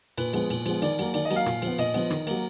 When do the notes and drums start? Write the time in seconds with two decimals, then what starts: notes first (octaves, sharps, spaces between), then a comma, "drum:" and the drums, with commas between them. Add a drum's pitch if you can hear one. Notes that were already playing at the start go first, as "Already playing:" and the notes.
0.18 A#2 B4, drum: cymbal
0.33 F3 G#3 B3, drum: cymbal
0.50 A#2, drum: cymbal
0.66 F3 G#3 B3, drum: cymbal
0.82 D#3 D5, drum: cymbal
0.99 F#3 A#3, drum: cymbal
1.14 D#3 D5, drum: cymbal
1.25 D#5
1.30 F#3 A#3, drum: cymbal
1.36 F5
1.46 A#2, drum: rim click
1.62 F3, drum: cymbal
1.67 B3
1.78 A#2 D#5, drum: cymbal
1.94 F3 B3, drum: cymbal
2.10 D#3, drum: rim click
2.27 F#3 A#3, drum: cymbal